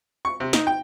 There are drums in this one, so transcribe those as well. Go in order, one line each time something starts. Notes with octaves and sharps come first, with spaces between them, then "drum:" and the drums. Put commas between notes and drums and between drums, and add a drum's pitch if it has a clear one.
C#6
C3
D#4, drum: snare
G5